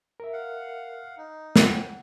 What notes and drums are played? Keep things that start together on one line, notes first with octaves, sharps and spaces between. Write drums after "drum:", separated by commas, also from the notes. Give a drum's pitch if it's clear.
A#4 E5
F5 F#5
D#4
C4 F#5, drum: snare